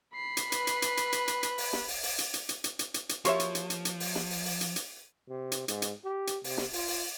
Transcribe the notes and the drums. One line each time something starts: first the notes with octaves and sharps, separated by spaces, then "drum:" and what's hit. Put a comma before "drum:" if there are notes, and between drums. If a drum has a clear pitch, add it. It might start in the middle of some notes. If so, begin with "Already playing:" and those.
B5 C7
drum: hi-hat
B4, drum: hi-hat
drum: hi-hat
drum: hi-hat
drum: hi-hat
drum: hi-hat
drum: hi-hat
drum: hi-hat
drum: open hi-hat
drum: snare
drum: open hi-hat
drum: open hi-hat
drum: hi-hat
drum: hi-hat
drum: hi-hat
drum: hi-hat
drum: hi-hat
drum: hi-hat
drum: hi-hat
F3 A#3 F#4 G4 C#5 E5, drum: hi-hat
drum: hi-hat
drum: hi-hat
drum: hi-hat
drum: hi-hat
drum: open hi-hat
drum: snare
drum: open hi-hat
drum: open hi-hat
drum: hi-hat
drum: hi-hat
C3
drum: hi-hat
G#2, drum: hi-hat
drum: hi-hat
G4
drum: hi-hat
C3, drum: open hi-hat
drum: snare
F4, drum: open hi-hat
drum: open hi-hat